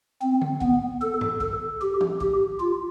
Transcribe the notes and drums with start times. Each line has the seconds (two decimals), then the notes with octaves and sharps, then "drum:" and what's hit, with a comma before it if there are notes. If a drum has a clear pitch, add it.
0.22 C4
0.42 drum: tom D3
0.61 B3, drum: kick
1.01 A4
1.21 drum: tom G2
1.40 A4, drum: kick
1.81 G4
2.01 drum: tom
2.21 G4, drum: kick
2.60 F4